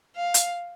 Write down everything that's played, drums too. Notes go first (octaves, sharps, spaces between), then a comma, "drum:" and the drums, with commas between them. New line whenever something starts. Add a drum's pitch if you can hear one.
F5
drum: hi-hat